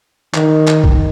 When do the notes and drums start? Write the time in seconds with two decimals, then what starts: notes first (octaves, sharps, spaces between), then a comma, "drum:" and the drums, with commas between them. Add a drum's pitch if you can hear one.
0.34 D#3, drum: clap
0.67 drum: clap
0.84 drum: kick